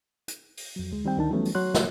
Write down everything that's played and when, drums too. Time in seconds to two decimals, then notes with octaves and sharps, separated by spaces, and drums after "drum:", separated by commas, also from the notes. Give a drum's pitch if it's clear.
0.28 drum: hi-hat
0.57 drum: open hi-hat
0.76 F2 F#3
0.91 D2 G#3
1.05 D#3 G3 C4 G5
1.18 D2 D#3 D4 D#4 A5
1.30 E3 F#3 G3 A3 B3 C#4
1.45 drum: open hi-hat
1.55 F#3 C#5 C6 F#6
1.74 drum: snare